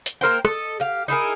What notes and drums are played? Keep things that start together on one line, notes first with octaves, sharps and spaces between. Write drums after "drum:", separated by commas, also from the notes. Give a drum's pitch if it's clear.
drum: hi-hat
A#3 A#4 C5 G5
A4 D#5, drum: rim click
G4 F5
D#4 E4 G#4 A#4